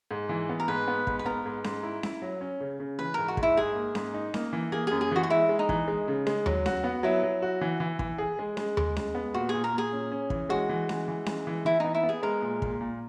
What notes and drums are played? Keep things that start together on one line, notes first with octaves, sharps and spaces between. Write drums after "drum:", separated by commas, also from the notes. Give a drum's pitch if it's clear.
G#2
E3
B3
A#4
G#2 B4
B3
G#2, drum: kick
B4
B3 A#4
G#2
G#2, drum: snare C#4
E4
E4, drum: snare C#4
F#3
C#4
C#3
C#3
E3 B4
G#2 A#4
F#4
G#2, drum: kick
E4
G#2 G#4
A#3
G#2, drum: snare C#4
D#4
A#3, drum: snare C#4
E3
A#3 G#4
F#2 G#4
G#4
E3 F#4
F#4
G#3 E4
G#3
D#4
E3, drum: kick
G#3
C#3
G#3, drum: snare C#4
F#3, drum: tom D#2
F#4, drum: snare C#4
B3
F#3 E4
F#3
F#4
E3
E3
E3, drum: kick
G#4
G#3
G#3, drum: snare C#4
G#3, drum: tom D#2
G#3, drum: snare C#4
B3
A#2 F#4
A#2 G#4
A#4
A#2 G#4
C#4
C#4
E3, drum: kick
G#3 F#4
E3
G#3, drum: snare C#4
E3
G#3, drum: snare C#4
E3
E3 E4
B3 D#4
E4
B3
G#4
G#3 A#4
A#2
A#2, drum: kick
A#2